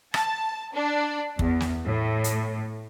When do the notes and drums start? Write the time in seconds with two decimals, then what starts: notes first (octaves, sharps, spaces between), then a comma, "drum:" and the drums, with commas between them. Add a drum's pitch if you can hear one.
0.14 A5, drum: rim click
0.74 D4
1.39 E2, drum: kick
1.60 drum: snare
1.85 A2
2.24 drum: hi-hat